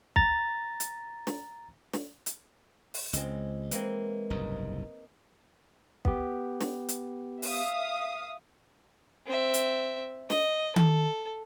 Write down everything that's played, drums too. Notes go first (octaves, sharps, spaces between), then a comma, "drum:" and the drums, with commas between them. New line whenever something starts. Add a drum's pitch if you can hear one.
A#5 A6, drum: kick
drum: hi-hat
drum: snare
drum: snare
drum: hi-hat
drum: open hi-hat
C#2 G#3 C4, drum: hi-hat
E3 G#3 A#3 C4, drum: hi-hat
F#1 C2 G#2 D#4
B3 G4, drum: kick
drum: snare
drum: hi-hat
E5 F5 D#6, drum: open hi-hat
C4 E5
drum: hi-hat
D#5, drum: snare
A4, drum: tom D#3